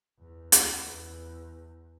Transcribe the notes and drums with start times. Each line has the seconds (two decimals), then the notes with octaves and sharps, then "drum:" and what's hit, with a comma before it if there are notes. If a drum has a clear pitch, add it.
0.19 E2
0.52 drum: hi-hat
0.85 E2